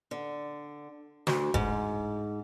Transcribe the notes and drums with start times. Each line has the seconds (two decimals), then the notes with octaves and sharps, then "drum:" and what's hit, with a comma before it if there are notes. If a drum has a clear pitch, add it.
0.11 D3
1.27 D2, drum: snare
1.54 G#2, drum: kick F1